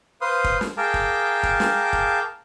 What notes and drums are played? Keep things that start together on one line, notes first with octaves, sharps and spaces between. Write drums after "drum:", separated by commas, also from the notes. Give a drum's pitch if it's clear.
B4 C5 F5 C6 D#6
drum: kick
drum: snare
G#4 A#4 F5 G5 A5 D6
drum: kick
drum: kick
drum: snare
drum: kick